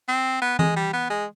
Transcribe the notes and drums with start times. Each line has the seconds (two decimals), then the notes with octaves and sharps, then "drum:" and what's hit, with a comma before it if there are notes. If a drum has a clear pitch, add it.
0.08 C4
0.42 B3
0.59 G#3, drum: tom E3
0.77 G3
0.93 B3
1.10 G#3